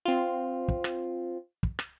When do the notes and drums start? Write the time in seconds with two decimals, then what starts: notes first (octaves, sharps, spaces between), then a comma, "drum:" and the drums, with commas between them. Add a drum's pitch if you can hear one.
0.05 C4 F4
0.68 drum: kick
0.84 drum: rim click
1.63 drum: kick
1.79 drum: rim click